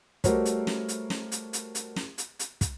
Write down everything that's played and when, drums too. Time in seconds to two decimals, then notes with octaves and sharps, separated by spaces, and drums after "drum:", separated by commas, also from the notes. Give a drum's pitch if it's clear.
0.24 G3 A3 F#4 A#4 C5 C#5, drum: kick, hi-hat
0.45 drum: hi-hat
0.67 drum: snare
0.89 drum: hi-hat
1.10 drum: snare
1.32 drum: hi-hat
1.53 drum: hi-hat
1.75 drum: hi-hat
1.96 drum: snare
2.18 drum: hi-hat
2.39 drum: hi-hat
2.61 drum: kick, hi-hat